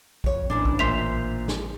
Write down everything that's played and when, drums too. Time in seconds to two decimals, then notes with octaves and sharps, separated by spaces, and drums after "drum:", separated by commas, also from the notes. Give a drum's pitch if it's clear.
0.24 F2 C#5, drum: kick B1
0.50 A1 G#2 E3 C#4 D4
0.65 drum: kick B1
0.79 A#2 C5 E5 C6 B6 F7
1.48 drum: snare